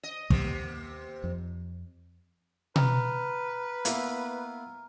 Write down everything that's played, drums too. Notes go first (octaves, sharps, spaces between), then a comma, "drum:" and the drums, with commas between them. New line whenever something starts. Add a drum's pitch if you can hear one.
D#5
D#2 C3 A#3, drum: kick
F2
B4 A#5 F6, drum: tom B2
A#3 B3 E4, drum: hi-hat